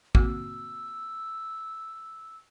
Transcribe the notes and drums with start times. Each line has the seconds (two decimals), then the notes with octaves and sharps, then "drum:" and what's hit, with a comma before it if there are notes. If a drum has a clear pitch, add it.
0.15 A#3 C4 F#4 E6, drum: kick